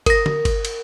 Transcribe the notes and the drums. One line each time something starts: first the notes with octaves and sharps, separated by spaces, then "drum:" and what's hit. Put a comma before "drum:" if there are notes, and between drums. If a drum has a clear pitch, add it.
A#4 A#6, drum: kick G1, cymbal
drum: tom
drum: kick G1, cymbal
drum: cymbal